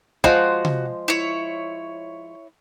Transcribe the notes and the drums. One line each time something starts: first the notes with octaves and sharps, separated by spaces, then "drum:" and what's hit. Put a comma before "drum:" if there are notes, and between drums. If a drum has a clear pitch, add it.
F3 G#3 F#4 C5, drum: kick
drum: tom C3
E4 C#5